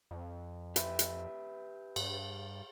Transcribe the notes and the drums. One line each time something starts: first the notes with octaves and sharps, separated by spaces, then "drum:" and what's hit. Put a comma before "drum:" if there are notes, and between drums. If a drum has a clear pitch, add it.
F2
G4 B4 E5, drum: hi-hat
drum: hi-hat
G2, drum: cymbal